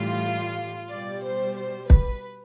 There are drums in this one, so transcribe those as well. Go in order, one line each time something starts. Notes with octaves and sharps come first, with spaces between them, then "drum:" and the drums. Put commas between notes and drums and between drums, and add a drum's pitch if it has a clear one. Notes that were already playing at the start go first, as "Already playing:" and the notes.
Already playing: A2 E3 G3 F4
B2 G3 D5
C5
C5
B4, drum: kick